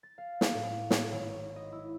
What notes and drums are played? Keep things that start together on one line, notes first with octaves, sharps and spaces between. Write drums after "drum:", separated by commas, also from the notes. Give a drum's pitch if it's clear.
A6
F5
drum: snare
A2
C#5, drum: snare
G#1
D#5
E4